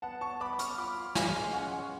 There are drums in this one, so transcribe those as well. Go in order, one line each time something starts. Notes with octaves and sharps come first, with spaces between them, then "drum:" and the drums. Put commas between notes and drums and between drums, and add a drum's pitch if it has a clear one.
B3 F#5 A5
C#5 A5 C#6
B3 B5 D6
D6
C#5 C#6 F6, drum: hi-hat
F4 B5 D6
F4
G#3 F5 G#5, drum: snare
C#4
C#4 F#5
C#5 F#5